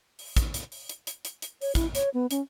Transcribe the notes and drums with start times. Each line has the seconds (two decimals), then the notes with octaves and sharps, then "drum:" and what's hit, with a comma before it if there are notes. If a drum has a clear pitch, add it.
0.19 drum: open hi-hat
0.37 drum: kick, hi-hat
0.54 drum: hi-hat
0.72 drum: open hi-hat
0.89 drum: hi-hat
1.07 drum: hi-hat
1.25 drum: hi-hat
1.42 drum: hi-hat
1.61 C#5, drum: open hi-hat
1.75 E4, drum: kick, hi-hat
1.95 C#5, drum: hi-hat
2.14 B3
2.31 C#4, drum: hi-hat